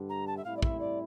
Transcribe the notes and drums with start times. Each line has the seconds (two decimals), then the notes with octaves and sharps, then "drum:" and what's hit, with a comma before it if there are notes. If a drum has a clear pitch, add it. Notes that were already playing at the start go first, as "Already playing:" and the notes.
Already playing: G2 D3 G3
0.09 A#5
0.27 A5
0.37 E5
0.44 A2 G3 C4 E4 F5
0.56 D5
0.62 E5, drum: kick
0.80 D5